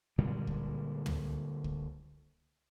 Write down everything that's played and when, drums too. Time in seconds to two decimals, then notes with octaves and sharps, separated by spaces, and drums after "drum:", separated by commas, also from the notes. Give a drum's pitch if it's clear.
0.18 A#2 D3 G3 G#3
0.47 drum: kick
1.06 drum: tom
1.64 drum: kick